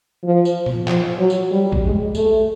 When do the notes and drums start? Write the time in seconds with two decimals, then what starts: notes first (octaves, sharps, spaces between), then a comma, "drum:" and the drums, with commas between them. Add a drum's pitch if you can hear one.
0.24 F3
0.45 drum: tambourine
0.66 drum: tom A#2
0.88 F3, drum: clap
1.19 F#3
1.30 drum: tambourine
1.51 G3
1.72 drum: kick B1
1.83 G#3
2.15 A3, drum: tambourine